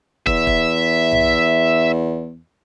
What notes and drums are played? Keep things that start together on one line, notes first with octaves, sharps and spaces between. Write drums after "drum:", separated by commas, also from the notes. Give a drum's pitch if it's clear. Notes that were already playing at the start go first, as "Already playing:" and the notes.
E2 E5, drum: kick
drum: kick
drum: tom B1